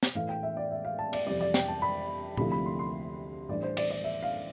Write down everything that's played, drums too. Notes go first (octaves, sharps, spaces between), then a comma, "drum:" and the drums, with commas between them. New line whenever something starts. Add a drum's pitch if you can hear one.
drum: snare
A2 E3 A3 F5
G5
E5
D5
E5
F5
A5
D5, drum: cymbal
F2 C3 E3 G3 D5
D5
G5, drum: snare
A5
B5
D2 C3 F3 A3 E4 B5, drum: tom A#2
B5
C6
C6
A2 E3 G3 D4 D5
C5
D5, drum: cymbal
D5
E5
F5